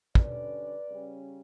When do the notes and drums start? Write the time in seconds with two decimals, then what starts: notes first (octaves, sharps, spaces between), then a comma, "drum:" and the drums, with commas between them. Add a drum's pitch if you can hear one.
0.15 D3 G3 C#4 B4 D5, drum: kick
0.88 C#3 G3 C#4